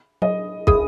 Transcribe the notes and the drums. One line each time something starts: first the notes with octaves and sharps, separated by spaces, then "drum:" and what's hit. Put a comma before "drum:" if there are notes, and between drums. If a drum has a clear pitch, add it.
F#3 D#5
G#4 D#6, drum: kick